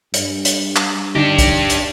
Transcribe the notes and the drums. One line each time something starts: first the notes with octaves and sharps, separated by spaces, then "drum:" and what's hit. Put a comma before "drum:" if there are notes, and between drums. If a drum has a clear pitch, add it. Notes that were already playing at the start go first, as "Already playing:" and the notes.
G2, drum: hi-hat
drum: hi-hat
drum: clap
D3 D4 D#4 G4 A#6
drum: kick C2, hi-hat
drum: hi-hat